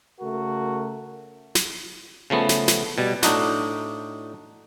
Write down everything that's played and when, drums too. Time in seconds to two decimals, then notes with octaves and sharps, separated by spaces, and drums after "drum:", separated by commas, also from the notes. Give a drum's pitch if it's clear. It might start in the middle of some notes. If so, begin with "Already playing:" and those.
0.20 C#3 A3 F#4 A#4
1.55 drum: snare
2.30 C#3 F3 A3 B3
2.49 drum: snare
2.68 drum: snare
2.98 B2 G3
3.23 A2 D4 D#4 F#4, drum: snare